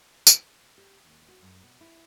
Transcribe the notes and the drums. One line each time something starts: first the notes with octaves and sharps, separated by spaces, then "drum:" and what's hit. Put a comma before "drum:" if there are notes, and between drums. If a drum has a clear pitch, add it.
drum: tambourine
G4
D#2
F#4
F#2
B2
E4